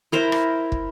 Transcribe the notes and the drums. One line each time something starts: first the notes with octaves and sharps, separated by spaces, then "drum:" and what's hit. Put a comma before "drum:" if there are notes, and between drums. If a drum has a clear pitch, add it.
E4 A#4 C5
drum: rim click
drum: kick